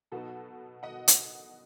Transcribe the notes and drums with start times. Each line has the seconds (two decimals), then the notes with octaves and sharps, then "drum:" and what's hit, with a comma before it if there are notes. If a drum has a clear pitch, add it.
0.12 B2 F#3 B3 D#4 F#4 A4
0.83 D#5 F#5
1.08 drum: hi-hat